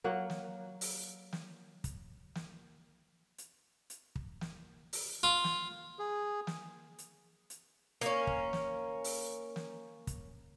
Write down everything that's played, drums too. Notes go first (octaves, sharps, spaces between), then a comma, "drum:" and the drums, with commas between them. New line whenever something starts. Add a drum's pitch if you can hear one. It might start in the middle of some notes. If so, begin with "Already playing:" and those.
F#3 A#3 F#5
drum: snare
drum: open hi-hat
drum: snare
drum: kick, hi-hat
drum: snare
drum: hi-hat
drum: hi-hat
drum: kick
drum: snare
drum: open hi-hat
F4
drum: snare
G#4
drum: snare
drum: hi-hat
drum: hi-hat
A#3 C#4, drum: hi-hat
drum: kick
drum: snare
drum: open hi-hat
drum: snare
drum: kick, hi-hat